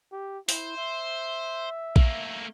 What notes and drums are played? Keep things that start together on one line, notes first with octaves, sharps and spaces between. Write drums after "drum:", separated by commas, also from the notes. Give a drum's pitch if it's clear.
G4
E4 C5, drum: open hi-hat
E5
A3 A#3, drum: kick A#1